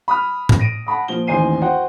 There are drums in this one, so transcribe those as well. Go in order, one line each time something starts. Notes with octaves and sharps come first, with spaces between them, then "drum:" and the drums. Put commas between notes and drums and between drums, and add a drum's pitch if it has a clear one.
B5 D#6 F6
drum: tom A2
A#6 D7 D#7
F#5 A5 B5 D#6
A#2 F3 G7
A1 D#2 C5 G#5 C7 D#7
F#4 C5 F#5 G5